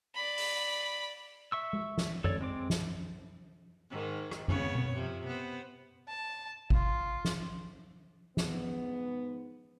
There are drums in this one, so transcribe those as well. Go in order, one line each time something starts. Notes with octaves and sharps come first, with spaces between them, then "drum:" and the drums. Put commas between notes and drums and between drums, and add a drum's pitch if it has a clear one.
D5 B5
drum: open hi-hat
E5 C#6 E6
drum: tom G#3
drum: snare
A4 C#5 D5, drum: tom F#2
G#3 C4 D6
drum: snare
G#2 D#3
drum: rim click
C#3 B3 C#5, drum: tom F#2
drum: tom B2
C3 F3
B3 C5
A5
F4, drum: kick G#1
drum: snare
G#2 B3, drum: snare